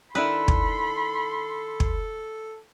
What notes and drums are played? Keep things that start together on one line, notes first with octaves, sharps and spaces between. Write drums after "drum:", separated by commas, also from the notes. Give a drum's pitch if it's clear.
D#3 D4 E4 A4 B4 B5 C6
drum: kick
drum: kick